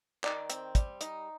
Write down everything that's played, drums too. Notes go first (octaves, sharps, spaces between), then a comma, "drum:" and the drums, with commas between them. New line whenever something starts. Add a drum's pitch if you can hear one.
D#3 D5, drum: clap
C4, drum: hi-hat
G3, drum: kick, hi-hat
D#4, drum: hi-hat